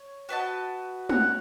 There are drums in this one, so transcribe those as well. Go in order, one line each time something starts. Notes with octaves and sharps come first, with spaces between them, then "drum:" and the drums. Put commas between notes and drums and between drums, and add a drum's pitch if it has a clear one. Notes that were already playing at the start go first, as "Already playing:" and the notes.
Already playing: C#5
F#4 B4 D#5 A5
F#4 C#5 F#5, drum: tom